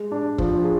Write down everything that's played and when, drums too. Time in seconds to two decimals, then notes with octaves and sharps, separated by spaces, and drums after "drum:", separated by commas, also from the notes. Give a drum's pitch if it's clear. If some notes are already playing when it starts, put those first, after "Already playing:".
Already playing: G#3
0.12 D4
0.38 F3, drum: kick
0.64 G#4